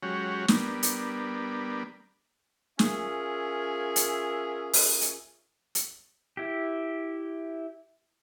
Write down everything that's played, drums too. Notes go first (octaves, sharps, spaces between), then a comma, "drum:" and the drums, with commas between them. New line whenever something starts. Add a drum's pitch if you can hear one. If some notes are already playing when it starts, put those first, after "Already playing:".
F#3 G#3 C#4 F#4 G4 C#5
G3 A#3 B3 D4, drum: snare
drum: hi-hat
C#4 F4 G#4 A#4 E5, drum: snare
drum: hi-hat
drum: open hi-hat
drum: hi-hat
drum: hi-hat
E4 G4